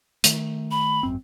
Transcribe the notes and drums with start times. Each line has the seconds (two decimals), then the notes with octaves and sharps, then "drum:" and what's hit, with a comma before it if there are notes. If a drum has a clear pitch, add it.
0.24 D#3 A3, drum: hi-hat
0.71 B5
1.03 G#1 F#2 C4